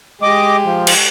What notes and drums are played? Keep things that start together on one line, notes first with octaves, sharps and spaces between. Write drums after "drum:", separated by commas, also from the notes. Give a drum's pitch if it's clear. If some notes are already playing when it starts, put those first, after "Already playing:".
G#3 G4 D#5 D6
F3
drum: cymbal